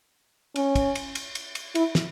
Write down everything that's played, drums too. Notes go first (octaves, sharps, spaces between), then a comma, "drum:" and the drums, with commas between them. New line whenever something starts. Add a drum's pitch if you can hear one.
C#4, drum: cymbal
drum: kick, cymbal
drum: cymbal
drum: cymbal
drum: cymbal
drum: cymbal
E4, drum: cymbal
drum: snare